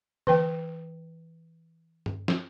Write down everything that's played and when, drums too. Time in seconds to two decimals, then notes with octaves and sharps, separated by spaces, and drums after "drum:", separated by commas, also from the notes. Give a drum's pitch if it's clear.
0.27 E3 B4 G5, drum: tom
2.06 drum: tom G2
2.28 drum: snare